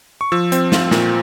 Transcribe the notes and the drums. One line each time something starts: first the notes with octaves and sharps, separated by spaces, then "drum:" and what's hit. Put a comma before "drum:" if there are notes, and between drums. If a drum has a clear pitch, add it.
C#6
F3 E6
C4, drum: hi-hat
F4, drum: snare
A#2, drum: snare